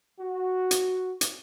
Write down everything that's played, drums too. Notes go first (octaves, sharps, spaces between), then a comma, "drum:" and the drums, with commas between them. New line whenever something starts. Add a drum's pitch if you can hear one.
F#4
drum: hi-hat
drum: hi-hat